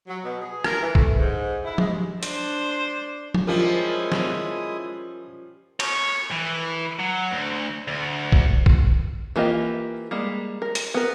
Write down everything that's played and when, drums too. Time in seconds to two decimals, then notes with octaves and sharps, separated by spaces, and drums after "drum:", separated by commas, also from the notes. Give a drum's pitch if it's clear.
0.07 F#3
0.24 B2
0.41 G#4
0.64 A#4, drum: rim click
0.81 E3
0.95 A3, drum: kick A#1
1.18 G#2
1.64 E4
1.78 G#3, drum: tom F3
2.23 D4 C5, drum: hi-hat
3.34 drum: tom F3
3.47 F3 G3 G#3 C#4 E4 F4 A#4 D#6
4.12 drum: snare
5.80 C#5, drum: cymbal
6.31 E3
7.00 F#3
7.32 D2
7.88 D2
8.32 drum: kick A#1
8.66 drum: kick A#1
9.36 E3 A#3 F4 G4 D#5
10.11 G3 G#3 A#3
10.62 A#4
10.75 drum: hi-hat
10.94 B3 A#4